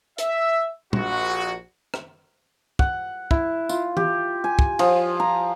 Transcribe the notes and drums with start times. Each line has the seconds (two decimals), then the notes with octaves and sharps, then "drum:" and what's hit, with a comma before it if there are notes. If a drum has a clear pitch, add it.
0.18 E5, drum: hi-hat
0.93 A#1 F#4, drum: tom
1.94 drum: rim click
2.79 F#5, drum: kick
3.31 E4, drum: kick
3.69 F4, drum: tambourine
3.97 G4, drum: tom
4.44 G#5
4.59 drum: kick
4.79 F3, drum: cymbal
5.20 A#5